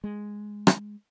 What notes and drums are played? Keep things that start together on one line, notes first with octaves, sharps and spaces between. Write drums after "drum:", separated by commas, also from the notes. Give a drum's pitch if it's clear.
G#3
drum: rim click